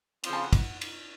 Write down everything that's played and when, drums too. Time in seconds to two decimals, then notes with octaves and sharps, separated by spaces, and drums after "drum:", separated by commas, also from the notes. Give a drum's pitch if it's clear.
0.24 C#3 F3 C4, drum: cymbal
0.33 A5
0.44 F#5
0.53 drum: kick, cymbal
0.81 drum: cymbal